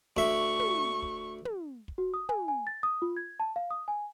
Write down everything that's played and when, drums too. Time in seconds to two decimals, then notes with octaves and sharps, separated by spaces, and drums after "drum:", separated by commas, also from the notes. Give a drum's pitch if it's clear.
0.17 D2 E5 C#6, drum: kick
0.60 drum: tom
1.02 drum: kick
1.45 drum: tom
1.88 drum: kick
1.98 F#4
2.14 D#6
2.29 G#5, drum: tom
2.48 G#5
2.67 A6
2.83 D#6
3.02 F4
3.17 G#6
3.40 A5
3.56 F5
3.71 D#6
3.88 G#5